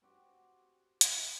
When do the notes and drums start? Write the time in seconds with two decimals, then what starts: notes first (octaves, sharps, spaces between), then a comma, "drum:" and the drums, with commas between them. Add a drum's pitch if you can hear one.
0.02 C4 F#4 G4
1.01 drum: hi-hat